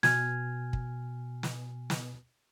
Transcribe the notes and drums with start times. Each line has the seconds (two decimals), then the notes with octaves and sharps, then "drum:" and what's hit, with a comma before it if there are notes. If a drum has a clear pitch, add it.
0.03 B2 G#5 F6 G#6, drum: snare
0.73 drum: kick
1.43 drum: snare
1.90 drum: snare